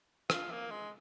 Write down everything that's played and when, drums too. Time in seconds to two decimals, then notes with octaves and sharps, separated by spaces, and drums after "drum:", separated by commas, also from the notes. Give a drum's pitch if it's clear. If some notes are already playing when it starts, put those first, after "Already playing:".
0.30 F4, drum: rim click
0.51 A#3
0.71 G#3